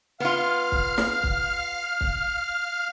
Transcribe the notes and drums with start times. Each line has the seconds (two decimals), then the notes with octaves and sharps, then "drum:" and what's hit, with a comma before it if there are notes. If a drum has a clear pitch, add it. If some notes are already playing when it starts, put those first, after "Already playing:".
0.20 B3 F4 F5 F6
0.72 drum: kick
0.98 drum: snare
1.23 drum: kick
2.01 drum: kick